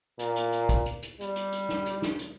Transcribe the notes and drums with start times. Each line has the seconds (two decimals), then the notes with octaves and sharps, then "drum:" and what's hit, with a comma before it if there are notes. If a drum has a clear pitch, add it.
0.19 A#2, drum: hi-hat
0.36 drum: hi-hat
0.53 drum: hi-hat
0.69 drum: kick, hi-hat
0.86 drum: hi-hat
1.02 drum: hi-hat
1.21 G3, drum: hi-hat
1.36 drum: hi-hat
1.52 drum: hi-hat
1.69 drum: snare
1.86 drum: hi-hat
2.02 drum: snare
2.19 drum: hi-hat